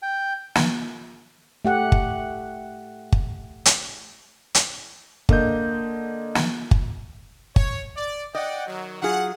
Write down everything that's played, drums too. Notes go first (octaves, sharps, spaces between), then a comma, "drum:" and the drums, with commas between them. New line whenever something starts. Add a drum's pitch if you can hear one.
G5
drum: snare
A3 G4 F#5
drum: kick G1
drum: kick G1
drum: hi-hat
drum: hi-hat
D3 A#3 D#5 G6, drum: kick G1
drum: snare
drum: kick G1
C#5, drum: kick G1
D5
D5 D#5 F#5 G5
D#3 F#3
F#3 F4 G#4 F#5